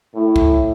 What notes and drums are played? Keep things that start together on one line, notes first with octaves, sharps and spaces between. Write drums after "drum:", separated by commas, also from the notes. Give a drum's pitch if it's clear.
A2
drum: kick